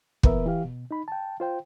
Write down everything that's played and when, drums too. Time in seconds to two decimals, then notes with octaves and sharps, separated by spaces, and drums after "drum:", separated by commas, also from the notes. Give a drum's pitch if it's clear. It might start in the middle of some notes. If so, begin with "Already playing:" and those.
0.23 A#2 E3 B3 A#4 B4 E5, drum: kick
0.46 E3 G4 F5
0.64 B2
0.91 D#4 B5
1.08 G5 A5
1.40 F4 C5 G5